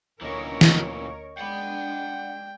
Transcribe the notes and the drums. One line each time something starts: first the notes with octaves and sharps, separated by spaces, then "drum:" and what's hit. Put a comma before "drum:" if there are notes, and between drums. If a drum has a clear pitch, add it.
D2 A#2 E3 C#4 A#4 C#5 D#5 C#6
drum: snare
G#3 D4 D5 F#5 G5 B5